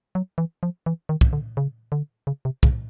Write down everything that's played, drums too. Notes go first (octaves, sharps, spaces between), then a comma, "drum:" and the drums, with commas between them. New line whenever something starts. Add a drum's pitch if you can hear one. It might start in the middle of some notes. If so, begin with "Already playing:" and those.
F#3
E3
F3
E3
D#3
drum: kick
D3
C#3
D3
C#3
C3
C#3, drum: kick